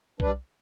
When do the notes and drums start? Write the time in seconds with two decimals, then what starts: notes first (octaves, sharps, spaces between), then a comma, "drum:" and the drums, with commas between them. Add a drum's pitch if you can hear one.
0.20 G3 D4 B4 D5, drum: kick B1